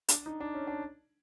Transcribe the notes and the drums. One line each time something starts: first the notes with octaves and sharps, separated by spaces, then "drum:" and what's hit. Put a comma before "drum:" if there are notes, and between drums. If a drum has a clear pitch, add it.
D4, drum: hi-hat
D#4
D4
C#4
D4